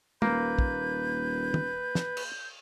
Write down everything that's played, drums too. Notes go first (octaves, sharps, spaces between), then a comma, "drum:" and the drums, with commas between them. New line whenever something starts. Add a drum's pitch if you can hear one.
D#1 A#3 B4 G6, drum: tom
drum: kick
drum: tom
drum: snare
drum: cymbal